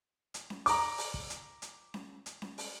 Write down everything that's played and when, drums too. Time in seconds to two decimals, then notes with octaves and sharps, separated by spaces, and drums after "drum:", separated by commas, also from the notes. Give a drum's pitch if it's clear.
0.34 drum: hi-hat
0.50 drum: snare C#4
0.66 A#5 D6, drum: open hi-hat
0.98 drum: open hi-hat
1.14 drum: kick
1.30 drum: hi-hat
1.62 drum: hi-hat
1.94 drum: snare C#4
2.26 drum: hi-hat
2.42 drum: snare C#4
2.58 drum: open hi-hat